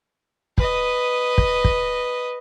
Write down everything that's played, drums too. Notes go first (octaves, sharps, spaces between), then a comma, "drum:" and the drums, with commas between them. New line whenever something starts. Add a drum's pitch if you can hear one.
B4 D#5, drum: kick
drum: kick
drum: kick